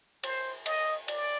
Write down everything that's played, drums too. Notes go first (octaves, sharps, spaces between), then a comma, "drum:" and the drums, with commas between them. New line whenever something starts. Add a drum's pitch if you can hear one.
C5, drum: cymbal
D#5, drum: cymbal
D5, drum: cymbal